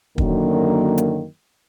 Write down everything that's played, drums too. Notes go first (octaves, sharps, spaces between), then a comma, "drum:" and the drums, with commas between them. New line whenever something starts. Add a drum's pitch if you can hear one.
F#2 D3 D#3 F#3 A#3, drum: kick
drum: hi-hat